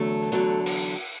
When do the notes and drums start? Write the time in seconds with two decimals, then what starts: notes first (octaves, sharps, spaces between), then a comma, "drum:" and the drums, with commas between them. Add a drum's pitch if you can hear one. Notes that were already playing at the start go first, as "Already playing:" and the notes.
Already playing: E2 D3 F#3 A3 A4
0.32 E2 D3 F#3, drum: hi-hat
0.66 drum: cymbal